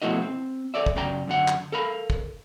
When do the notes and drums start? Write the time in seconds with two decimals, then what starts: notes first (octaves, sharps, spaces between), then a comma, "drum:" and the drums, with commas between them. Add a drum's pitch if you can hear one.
0.02 B2 F3 A3 E4 F#4 D#5
0.22 C4
0.74 A4 C#5 D5 E5
0.86 drum: kick
0.96 F#2 C#3 D5 G5 A#5
1.28 F#2 D3 F#5
1.48 drum: clap
1.72 A4 A#4 F5 B5
2.10 drum: kick